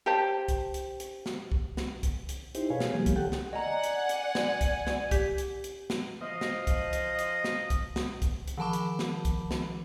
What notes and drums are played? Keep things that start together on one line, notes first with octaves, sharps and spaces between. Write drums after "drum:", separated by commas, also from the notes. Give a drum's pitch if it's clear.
G4 C5 A5
drum: kick C2, hi-hat
drum: hi-hat
drum: hi-hat
drum: snare
drum: kick C2
drum: snare
drum: kick C2, hi-hat
drum: hi-hat
D#4 E4 G4 C5, drum: hi-hat
B2 G#4 B4 C#5 F5 G#5
drum: snare
E3 F#3 G#3 A#3 B3 G4
drum: kick C2, hi-hat
D3 G4 A4 F#5 G5
drum: snare
D5 D#5 F#5 G#5 A#5
drum: hi-hat
drum: hi-hat
drum: snare
drum: kick C2, hi-hat
drum: snare
G4 G6 B6, drum: kick C2, hi-hat
drum: hi-hat
drum: hi-hat
drum: snare
F3 D#5
drum: snare
drum: kick C2, hi-hat
drum: hi-hat
drum: hi-hat
drum: snare
drum: kick C2, hi-hat
drum: snare
drum: kick C2, hi-hat
drum: hi-hat
D#3 F3 A5 B5 D6
drum: hi-hat
drum: snare
drum: kick C2, hi-hat
drum: snare